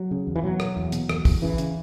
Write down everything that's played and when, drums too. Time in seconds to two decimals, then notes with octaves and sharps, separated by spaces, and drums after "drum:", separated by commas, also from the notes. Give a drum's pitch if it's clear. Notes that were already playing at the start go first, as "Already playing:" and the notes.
Already playing: F#3
0.11 C#3
0.27 E2
0.36 E3
0.43 B2 F#3
0.60 B2, drum: rim click
0.77 E2
0.92 B2, drum: hi-hat
1.09 E2, drum: rim click
1.25 E2, drum: kick, open hi-hat
1.42 C#3 E3
1.58 C#3, drum: hi-hat